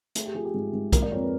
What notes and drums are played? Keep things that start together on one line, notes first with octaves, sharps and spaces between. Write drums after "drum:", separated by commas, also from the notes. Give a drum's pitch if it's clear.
A3 G#4, drum: hi-hat
G4
F3 G#4
G4
G#2
G#2
A#3 A#4, drum: kick B1, hi-hat
D5
F2 C#5
B4